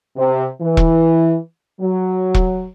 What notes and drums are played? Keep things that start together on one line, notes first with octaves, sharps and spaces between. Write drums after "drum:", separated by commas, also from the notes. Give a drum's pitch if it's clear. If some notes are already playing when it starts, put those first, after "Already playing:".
C3
E3
drum: kick E1
F#3
drum: kick E1